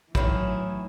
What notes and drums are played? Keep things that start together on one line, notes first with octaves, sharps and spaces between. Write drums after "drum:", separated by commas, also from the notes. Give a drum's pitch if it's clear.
A2 D#3 E3 F#3 C#4 E4, drum: kick